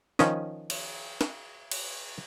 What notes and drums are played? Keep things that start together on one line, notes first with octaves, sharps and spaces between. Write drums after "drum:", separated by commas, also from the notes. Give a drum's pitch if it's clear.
D#3 F3 C#4 D#5, drum: snare
drum: cymbal
drum: snare
drum: cymbal